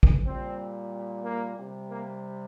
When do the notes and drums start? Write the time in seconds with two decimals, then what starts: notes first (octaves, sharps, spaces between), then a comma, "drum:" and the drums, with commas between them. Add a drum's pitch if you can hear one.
0.03 drum: kick A#1
0.25 A#2 G3 C4
1.24 A#3
1.57 C3 G3
1.90 A#3